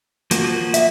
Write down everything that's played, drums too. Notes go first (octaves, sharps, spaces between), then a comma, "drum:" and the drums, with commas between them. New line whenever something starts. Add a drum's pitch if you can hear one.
F3 A#3 F#4, drum: hi-hat
E5, drum: hi-hat